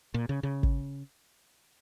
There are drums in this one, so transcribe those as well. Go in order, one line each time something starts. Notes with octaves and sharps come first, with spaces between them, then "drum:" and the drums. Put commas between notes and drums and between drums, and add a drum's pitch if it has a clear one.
A#2
C#3
C#3
drum: kick